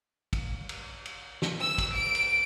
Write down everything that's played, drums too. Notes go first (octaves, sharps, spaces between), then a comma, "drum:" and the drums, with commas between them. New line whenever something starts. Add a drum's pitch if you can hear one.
drum: kick, cymbal
drum: cymbal
drum: cymbal
drum: snare
E6
drum: kick, cymbal
D7
drum: cymbal